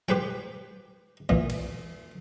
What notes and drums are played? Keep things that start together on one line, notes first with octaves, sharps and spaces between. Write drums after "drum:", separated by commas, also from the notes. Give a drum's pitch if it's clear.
G4 B4 C5 G5, drum: tom F#3
A#2 E3, drum: kick
drum: cymbal